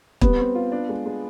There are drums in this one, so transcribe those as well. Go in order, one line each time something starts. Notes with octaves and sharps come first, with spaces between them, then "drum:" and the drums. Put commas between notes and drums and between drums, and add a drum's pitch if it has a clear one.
G3 B3, drum: kick
C4
F4
D4
G#3
G#3